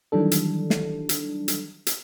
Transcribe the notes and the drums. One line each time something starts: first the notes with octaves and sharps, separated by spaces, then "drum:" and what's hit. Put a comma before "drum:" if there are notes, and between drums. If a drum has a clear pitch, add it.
D#3 E3 F#3 G3 D4 A4
drum: hi-hat
drum: snare
drum: hi-hat
drum: hi-hat
drum: hi-hat